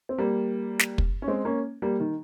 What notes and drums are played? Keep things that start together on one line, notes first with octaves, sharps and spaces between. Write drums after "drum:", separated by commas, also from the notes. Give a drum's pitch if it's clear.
C4
G3 A#3
drum: snare
drum: kick
C#4
G#3 C4
A#3 C#4
G3 A#3
D#3